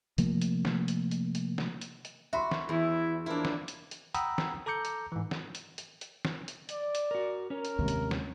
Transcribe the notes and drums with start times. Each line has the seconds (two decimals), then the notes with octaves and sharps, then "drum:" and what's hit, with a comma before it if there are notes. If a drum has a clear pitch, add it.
0.18 C3 F3 A3 A#3, drum: hi-hat
0.41 drum: hi-hat
0.65 drum: snare
0.88 drum: hi-hat
1.11 drum: hi-hat
1.35 drum: hi-hat
1.58 drum: snare
1.81 drum: hi-hat
2.05 drum: hi-hat
2.33 F#4 E5 B5 C6
2.51 drum: snare
2.69 E2 E4
3.26 F3 A#3 D4 E4
3.45 drum: snare
3.68 drum: hi-hat
3.91 drum: hi-hat
4.14 F#5 G5 A#5 B5 D#6 E6, drum: hi-hat
4.38 drum: snare
4.66 A4 A#5 D6 G6 C#7
4.85 drum: hi-hat
5.12 G#2 E3
5.31 drum: snare
5.55 drum: hi-hat
5.78 drum: hi-hat
6.01 drum: hi-hat
6.25 drum: snare
6.48 drum: hi-hat
6.69 D5, drum: hi-hat
6.95 drum: hi-hat
7.11 F#4 A#4
7.50 C#4 A#4 C#5
7.65 drum: hi-hat
7.79 D#2 C3 G#3
7.88 drum: hi-hat
8.11 drum: snare